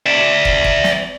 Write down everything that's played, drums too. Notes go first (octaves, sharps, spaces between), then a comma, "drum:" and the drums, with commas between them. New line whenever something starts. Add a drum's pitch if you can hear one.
D5 E5
drum: kick
drum: kick
drum: snare